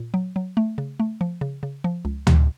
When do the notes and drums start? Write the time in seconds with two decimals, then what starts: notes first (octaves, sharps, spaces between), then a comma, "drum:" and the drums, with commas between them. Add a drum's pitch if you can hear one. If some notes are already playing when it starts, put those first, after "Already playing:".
Already playing: A#2
0.14 F#3
0.36 F#3
0.57 A3
0.78 C#3
1.00 A3
1.21 F3
1.41 C#3
1.63 C#3
1.84 F3
2.05 C#2
2.27 C3, drum: tom D2